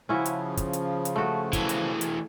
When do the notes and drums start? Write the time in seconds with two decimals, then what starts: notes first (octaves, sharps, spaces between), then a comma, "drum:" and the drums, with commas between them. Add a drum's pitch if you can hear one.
0.09 C#3 F3 C#4 E4 F#4
0.26 drum: hi-hat
0.57 drum: kick, hi-hat
0.73 drum: hi-hat
1.05 drum: hi-hat
1.16 A3 F#4
1.53 E3 G#3, drum: kick, hi-hat
1.69 drum: hi-hat
2.01 drum: hi-hat